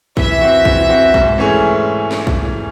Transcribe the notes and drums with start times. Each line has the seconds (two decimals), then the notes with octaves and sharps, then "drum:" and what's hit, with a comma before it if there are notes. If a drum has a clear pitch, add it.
0.17 E3 E5, drum: kick
0.41 C4 F#4
0.65 E3, drum: kick
0.89 C4 F#4
1.14 G#2, drum: kick
1.38 E3 A3 C#4 G#4
2.11 drum: snare
2.27 drum: kick